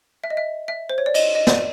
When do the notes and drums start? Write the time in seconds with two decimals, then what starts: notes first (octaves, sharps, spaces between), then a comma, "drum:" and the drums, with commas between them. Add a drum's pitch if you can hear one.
0.24 E5
0.30 D#5
0.37 E5
0.68 E5
0.89 C5
0.98 C#5
1.06 D5
1.14 D#5, drum: cymbal
1.35 D#5
1.47 D5, drum: snare